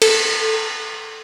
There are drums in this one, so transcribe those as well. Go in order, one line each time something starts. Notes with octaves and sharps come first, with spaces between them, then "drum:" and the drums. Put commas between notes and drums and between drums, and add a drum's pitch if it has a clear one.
A4, drum: cymbal